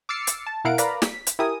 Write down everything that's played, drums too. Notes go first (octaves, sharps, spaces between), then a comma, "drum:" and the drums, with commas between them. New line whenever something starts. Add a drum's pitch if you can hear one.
D6 E6 F6 A6 C7 C#7
drum: hi-hat
A5
B2 E4 A#4 F5 F#5 D7
A#4 B4 D5 F5 A#5 B5, drum: hi-hat
B6, drum: snare
drum: hi-hat
E4 G4 A#4 G#5 D#6